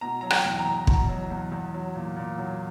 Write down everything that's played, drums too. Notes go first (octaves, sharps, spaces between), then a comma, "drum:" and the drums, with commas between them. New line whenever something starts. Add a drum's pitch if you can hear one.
B2 A#5
F#3 A#5
G5, drum: rim click
E2
A#5
E2
B2 A#5, drum: kick
F#3
E2
E2
F#3
A#2
A#2
F#3